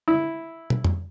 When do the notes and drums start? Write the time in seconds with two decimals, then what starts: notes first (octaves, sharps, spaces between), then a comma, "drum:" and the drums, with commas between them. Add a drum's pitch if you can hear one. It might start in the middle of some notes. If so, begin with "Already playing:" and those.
0.08 E4
0.70 drum: tom
0.85 drum: tom F2